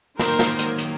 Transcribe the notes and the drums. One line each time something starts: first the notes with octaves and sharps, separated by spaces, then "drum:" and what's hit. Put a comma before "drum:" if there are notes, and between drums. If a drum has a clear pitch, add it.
D#3 F#3 A#3 A#4 C5, drum: snare
drum: snare
drum: hi-hat
drum: hi-hat